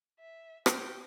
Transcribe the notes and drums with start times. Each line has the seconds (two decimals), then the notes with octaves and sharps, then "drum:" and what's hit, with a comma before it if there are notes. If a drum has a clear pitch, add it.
0.19 E5
0.66 G4 G5, drum: rim click